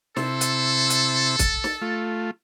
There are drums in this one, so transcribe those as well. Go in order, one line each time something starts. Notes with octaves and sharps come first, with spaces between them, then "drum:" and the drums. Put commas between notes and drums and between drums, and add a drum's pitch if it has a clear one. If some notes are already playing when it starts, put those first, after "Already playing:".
C3 E4 A4 C5, drum: snare
drum: hi-hat
drum: hi-hat
drum: kick, hi-hat
drum: snare
A3 F4